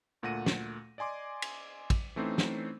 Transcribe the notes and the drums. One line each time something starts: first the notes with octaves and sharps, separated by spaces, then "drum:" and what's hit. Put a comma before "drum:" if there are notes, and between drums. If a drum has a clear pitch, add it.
D2 A#2 A3 F#5 A#6 D#7
drum: snare
D5 D#5 G#5 C6 D6
drum: cymbal
drum: kick, cymbal
E3 A3 C4 C#4 D#4 C5
drum: snare